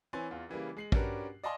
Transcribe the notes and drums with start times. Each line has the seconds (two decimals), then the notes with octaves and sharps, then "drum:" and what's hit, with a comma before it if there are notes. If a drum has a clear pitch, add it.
0.13 E3 C4 C#5 G#5 C6 A6
0.31 E2 F4
0.49 C#3 E3 G3 A#3
0.77 G#3 C7 F#7
0.92 C#4 D4 F#4 G4 A#4 B4, drum: kick
1.44 D5 D#5 F5 G#5 A5 C6